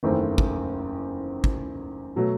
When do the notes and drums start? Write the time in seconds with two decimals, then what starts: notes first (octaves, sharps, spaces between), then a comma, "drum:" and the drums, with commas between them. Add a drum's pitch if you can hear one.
0.03 F#1 E2 D#3 A3 C4
0.38 drum: kick
1.44 drum: kick
2.16 B2 F#3 A3